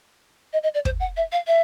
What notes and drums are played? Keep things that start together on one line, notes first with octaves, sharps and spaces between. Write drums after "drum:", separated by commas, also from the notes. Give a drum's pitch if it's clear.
D#5
D#5
D5
C5, drum: kick
F#5
E5
F5
E5